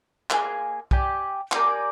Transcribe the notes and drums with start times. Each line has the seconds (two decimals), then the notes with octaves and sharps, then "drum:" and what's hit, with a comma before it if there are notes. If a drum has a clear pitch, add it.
0.30 A#3 D4 G#4, drum: clap
0.91 G4 D5 G#5, drum: kick
1.52 G4 A#4 D5 G#5, drum: clap